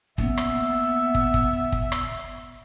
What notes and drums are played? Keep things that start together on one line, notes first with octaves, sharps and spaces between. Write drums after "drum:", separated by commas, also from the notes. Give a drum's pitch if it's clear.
A#3 B3 C#4 E5, drum: kick
drum: rim click
drum: kick
drum: kick
drum: kick
drum: rim click